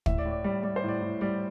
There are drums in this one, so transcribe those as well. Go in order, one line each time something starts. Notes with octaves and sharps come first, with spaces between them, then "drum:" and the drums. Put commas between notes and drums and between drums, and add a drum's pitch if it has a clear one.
A2 E5, drum: kick
D5
A2
D5
G3 D5
G3 D5
C5
A2 D5
A2
G3 D5